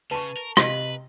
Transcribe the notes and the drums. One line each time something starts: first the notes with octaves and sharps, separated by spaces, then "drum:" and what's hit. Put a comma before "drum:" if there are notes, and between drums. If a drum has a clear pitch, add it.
C#3 B4 A5 C#6 D#7
A#4
C3 B4 D#5 B6, drum: rim click